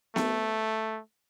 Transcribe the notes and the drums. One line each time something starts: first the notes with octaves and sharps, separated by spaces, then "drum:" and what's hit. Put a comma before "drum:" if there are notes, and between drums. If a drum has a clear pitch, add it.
A3, drum: snare B3